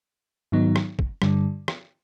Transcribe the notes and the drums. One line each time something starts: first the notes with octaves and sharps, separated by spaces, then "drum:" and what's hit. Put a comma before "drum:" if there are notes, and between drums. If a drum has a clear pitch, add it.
G#2 D#3 F#3 B3 D#4
drum: rim click
drum: kick
G2 D3 G3, drum: rim click
drum: rim click